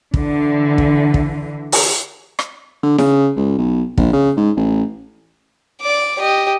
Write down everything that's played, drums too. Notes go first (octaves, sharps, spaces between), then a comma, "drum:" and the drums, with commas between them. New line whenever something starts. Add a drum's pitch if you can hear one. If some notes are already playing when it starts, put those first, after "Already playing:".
D3 E3, drum: kick
drum: kick
drum: kick
drum: open hi-hat
drum: rim click
D3
C#3, drum: snare E4
C#2
B1
A#1, drum: kick
C#3
G#2
A1
D5 D6
G4 D#5